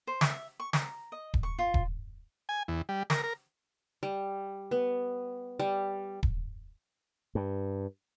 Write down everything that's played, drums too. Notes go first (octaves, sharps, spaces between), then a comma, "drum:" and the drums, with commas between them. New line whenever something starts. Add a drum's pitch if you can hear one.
C5
E5, drum: snare
C#6
A#5, drum: snare
D#5
drum: kick D#1
C#6
F4
drum: kick D#1
G#5
E2
G3
A#4, drum: snare
A#4
G3
B3
G3
drum: kick D#1
G2